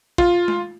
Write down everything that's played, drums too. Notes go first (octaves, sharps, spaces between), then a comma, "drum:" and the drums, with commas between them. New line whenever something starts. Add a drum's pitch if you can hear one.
F4, drum: kick
drum: tom G#3